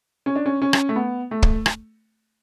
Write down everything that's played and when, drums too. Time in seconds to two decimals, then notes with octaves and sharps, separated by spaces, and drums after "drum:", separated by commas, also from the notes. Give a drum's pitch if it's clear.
0.26 C#4
0.36 D4
0.46 C#4
0.62 C#4
0.73 drum: rim click
0.89 A3
0.96 B3
1.31 A3
1.43 drum: kick
1.66 drum: rim click